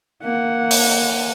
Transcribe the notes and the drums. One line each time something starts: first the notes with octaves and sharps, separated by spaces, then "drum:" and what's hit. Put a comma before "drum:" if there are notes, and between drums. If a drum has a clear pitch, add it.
A#3 F#5
drum: open hi-hat